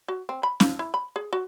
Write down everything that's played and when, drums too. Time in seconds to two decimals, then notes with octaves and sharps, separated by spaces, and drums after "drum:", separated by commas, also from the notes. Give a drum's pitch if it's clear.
0.08 F#4
0.29 C4
0.43 B5
0.60 F3, drum: snare C#4
0.79 E4
0.94 B5
1.16 G#4
1.33 F#4